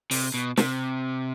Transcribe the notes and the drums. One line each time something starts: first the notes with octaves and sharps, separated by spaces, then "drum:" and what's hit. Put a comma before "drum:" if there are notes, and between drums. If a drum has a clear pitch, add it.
C3, drum: open hi-hat
B2
C3, drum: snare